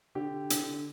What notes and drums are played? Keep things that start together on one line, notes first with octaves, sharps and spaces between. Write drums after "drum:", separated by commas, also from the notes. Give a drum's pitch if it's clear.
D3 G4
D3, drum: hi-hat